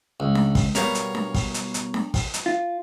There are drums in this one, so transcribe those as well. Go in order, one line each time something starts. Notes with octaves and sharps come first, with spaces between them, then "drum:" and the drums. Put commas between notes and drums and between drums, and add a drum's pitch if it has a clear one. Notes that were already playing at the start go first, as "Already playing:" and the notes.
C#2
drum: snare D4
drum: kick, open hi-hat
B2 G3 B3 A#4 C#5 F5, drum: hi-hat
drum: hi-hat
drum: snare D4
drum: kick, open hi-hat
drum: hi-hat
drum: hi-hat
drum: snare D4
drum: kick, open hi-hat
drum: hi-hat
F4